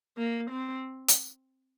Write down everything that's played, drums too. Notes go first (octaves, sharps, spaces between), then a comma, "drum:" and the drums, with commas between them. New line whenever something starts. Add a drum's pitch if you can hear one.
A#3
C4
drum: hi-hat